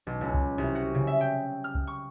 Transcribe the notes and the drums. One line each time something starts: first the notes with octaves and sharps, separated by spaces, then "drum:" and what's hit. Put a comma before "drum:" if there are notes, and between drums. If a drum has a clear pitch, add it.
B1
C#2
drum: kick C2
C2
F#4
C#3
E5
G5
F6
drum: kick C2
C#6